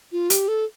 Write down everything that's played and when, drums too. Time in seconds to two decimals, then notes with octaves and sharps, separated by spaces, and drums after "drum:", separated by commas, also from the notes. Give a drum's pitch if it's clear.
0.12 F4
0.30 G4, drum: hi-hat
0.48 A4